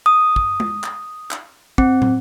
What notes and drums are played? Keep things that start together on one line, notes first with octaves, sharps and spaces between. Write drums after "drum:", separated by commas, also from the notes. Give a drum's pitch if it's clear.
D#6
drum: kick
drum: tom G#3
drum: clap
drum: clap
C4, drum: kick
drum: tom